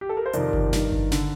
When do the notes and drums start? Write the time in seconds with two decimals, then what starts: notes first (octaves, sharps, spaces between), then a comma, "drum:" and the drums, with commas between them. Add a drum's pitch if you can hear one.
0.01 G4
0.09 A4
0.17 A#4
0.26 C5
0.33 F2 C3 D#3 A#4 D5, drum: hi-hat
0.53 drum: kick G1
0.73 G2 D#3, drum: snare
0.92 drum: kick G1
1.12 D3, drum: snare